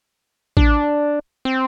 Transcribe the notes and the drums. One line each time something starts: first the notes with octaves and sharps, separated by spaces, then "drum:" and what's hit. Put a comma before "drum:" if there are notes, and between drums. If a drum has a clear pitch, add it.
D4, drum: kick
C4